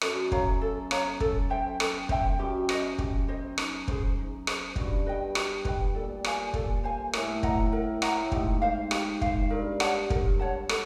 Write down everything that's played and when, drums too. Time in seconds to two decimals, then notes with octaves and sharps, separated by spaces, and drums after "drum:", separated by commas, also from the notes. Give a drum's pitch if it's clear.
0.01 F#2 A4, drum: rim click
0.32 C#5 F5 A#5, drum: kick
0.61 A4
0.91 C#5 F5 A#5, drum: rim click
1.20 A4, drum: kick
1.50 C5 E5 G5
1.80 A4, drum: rim click
2.09 C5 E5 G5, drum: kick
2.39 F#2 G4
2.69 C5 D#5, drum: rim click
2.98 G4, drum: kick
3.28 C5 D#5
3.58 D#4, drum: rim click
3.88 G#4 C5, drum: kick
4.17 D#4
4.47 G#4 C5, drum: rim click
4.76 G2 F#4, drum: kick
5.06 B4 D#5 G5
5.35 F#4, drum: rim click
5.65 B4 D#5 G5, drum: kick
5.95 A#2 A4
6.24 C5 F5 G#5, drum: rim click
6.53 A4, drum: kick
6.84 C5 F5 G#5
7.13 A2 A#4, drum: rim click
7.43 D#5 F#5 A#5, drum: kick
7.73 A#4
8.02 D#5 F#5 A#5, drum: rim click
8.22 A2
8.32 G#2 G4, drum: kick
8.62 C5 F5
8.91 G4, drum: rim click
9.21 C5 F5, drum: kick
9.50 G2 A#4
9.80 C#5 F#5 A5, drum: rim click
10.10 A#4, drum: kick
10.39 C#5 F#5 A5
10.69 A4, drum: rim click